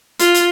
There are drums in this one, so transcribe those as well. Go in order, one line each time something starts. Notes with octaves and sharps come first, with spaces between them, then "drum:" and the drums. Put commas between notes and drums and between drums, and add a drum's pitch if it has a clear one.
F4, drum: hi-hat
drum: hi-hat